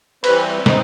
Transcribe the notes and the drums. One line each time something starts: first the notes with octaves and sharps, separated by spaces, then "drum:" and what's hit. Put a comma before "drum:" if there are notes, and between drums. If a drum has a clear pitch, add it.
E3 G3 C4 B4, drum: cymbal
C4 D#4, drum: snare